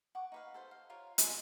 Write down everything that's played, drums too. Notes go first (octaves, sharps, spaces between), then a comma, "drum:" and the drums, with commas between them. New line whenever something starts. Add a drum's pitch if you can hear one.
F#5 C#6 D6
D#4 B4 F5
A4 C5 F5
F5
F4 A#4 C#5
G#4 D#5 C6, drum: hi-hat